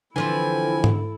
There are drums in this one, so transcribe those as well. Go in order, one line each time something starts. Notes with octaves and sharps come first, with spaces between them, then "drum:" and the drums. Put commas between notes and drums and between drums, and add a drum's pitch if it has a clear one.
D3 E3 F3 C4 E4 A4 G#5
drum: tom G#2